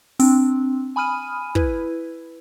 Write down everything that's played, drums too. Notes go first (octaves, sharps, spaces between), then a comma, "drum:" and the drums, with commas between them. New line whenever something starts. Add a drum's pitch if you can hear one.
C4 D4, drum: open hi-hat
G#5 B5 D#6 F6 D#7
E4 B4, drum: kick